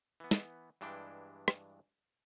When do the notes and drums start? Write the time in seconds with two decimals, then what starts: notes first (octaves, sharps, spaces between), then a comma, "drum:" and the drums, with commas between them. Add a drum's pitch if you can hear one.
0.20 E3 B3
0.31 drum: snare
0.81 G2 E3 G#3 D4 G5
1.48 drum: rim click